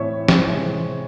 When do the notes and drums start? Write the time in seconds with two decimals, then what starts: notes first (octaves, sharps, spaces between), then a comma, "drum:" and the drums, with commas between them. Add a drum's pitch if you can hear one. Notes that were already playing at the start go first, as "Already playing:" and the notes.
Already playing: A2 E3 C4 C#5 E5
0.28 drum: snare
0.47 C3 E3 G#3 C4